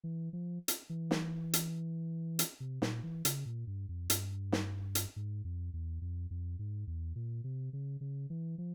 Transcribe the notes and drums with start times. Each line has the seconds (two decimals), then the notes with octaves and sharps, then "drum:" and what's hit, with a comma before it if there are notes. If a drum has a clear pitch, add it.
0.04 E3
0.33 F3
0.68 drum: hi-hat
0.89 E3
1.11 drum: snare
1.53 drum: hi-hat
2.39 drum: hi-hat
2.60 C3
2.82 A#2, drum: snare
3.03 E3
3.25 C#3, drum: hi-hat
3.45 A#2
3.67 G2
3.89 F2
4.10 G2, drum: hi-hat
4.52 drum: snare
4.95 drum: hi-hat
5.16 G#2
5.45 F2
5.73 E2
6.01 F2
6.31 F2
6.59 G#2
6.87 E2
7.16 A#2
7.44 C3
7.73 C#3
8.01 C#3
8.30 E3
8.58 F3